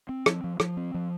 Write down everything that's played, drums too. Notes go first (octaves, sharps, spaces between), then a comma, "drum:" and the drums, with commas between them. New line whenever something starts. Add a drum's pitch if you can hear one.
C4
F3, drum: rim click
F3
F3, drum: rim click
C4
F3